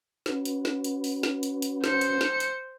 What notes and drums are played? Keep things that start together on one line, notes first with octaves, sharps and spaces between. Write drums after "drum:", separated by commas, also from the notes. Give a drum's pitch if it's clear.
C#4 F#4 B4, drum: snare
drum: hi-hat
drum: snare
drum: hi-hat
drum: open hi-hat
drum: snare
drum: hi-hat
drum: hi-hat
C5 C#7, drum: snare
drum: hi-hat
drum: snare
drum: hi-hat